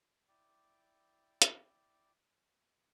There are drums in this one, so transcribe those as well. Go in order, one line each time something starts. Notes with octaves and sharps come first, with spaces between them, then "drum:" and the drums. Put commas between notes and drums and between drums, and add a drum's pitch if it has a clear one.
E4 D5 G5 D6
drum: hi-hat